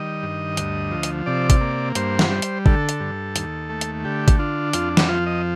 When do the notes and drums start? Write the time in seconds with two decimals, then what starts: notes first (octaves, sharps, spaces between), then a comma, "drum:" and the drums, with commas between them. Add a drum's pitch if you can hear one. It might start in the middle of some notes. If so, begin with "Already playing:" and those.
Already playing: D#3 G3 D#5
0.23 G2
0.57 D2, drum: hi-hat
0.91 F3
1.03 drum: hi-hat
1.26 C3 D5
1.50 drum: kick G#1, hi-hat
1.61 A#3
1.95 G2 C5, drum: hi-hat
2.19 drum: snare
2.30 G3
2.42 drum: hi-hat
2.66 D3 A4, drum: kick G#1
2.89 drum: hi-hat
3.00 G2
3.36 D#2, drum: hi-hat
3.70 A3
3.81 drum: hi-hat
4.05 D3 G4
4.28 drum: kick G#1, hi-hat
4.39 D4 F4
4.73 F2 F4, drum: hi-hat
4.97 drum: snare
5.08 F3 F4
5.26 D#5